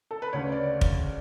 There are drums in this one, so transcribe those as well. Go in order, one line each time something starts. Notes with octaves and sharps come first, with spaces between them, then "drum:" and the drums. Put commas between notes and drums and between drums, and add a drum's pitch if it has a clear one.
A4
B4
D2 C#3 C#5
D5
drum: kick